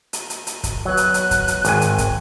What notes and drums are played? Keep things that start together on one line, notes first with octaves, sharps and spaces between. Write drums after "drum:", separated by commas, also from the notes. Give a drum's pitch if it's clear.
drum: hi-hat
drum: hi-hat
drum: hi-hat
drum: kick, hi-hat
F#3 B3 F#6
drum: hi-hat
drum: hi-hat
drum: kick, hi-hat
drum: hi-hat
G#1 G#5, drum: hi-hat
drum: hi-hat
drum: kick, hi-hat